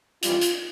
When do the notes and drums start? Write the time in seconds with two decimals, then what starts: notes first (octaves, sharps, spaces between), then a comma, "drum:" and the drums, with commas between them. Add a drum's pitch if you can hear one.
0.23 F2 E3 G3 F4, drum: hi-hat
0.41 drum: hi-hat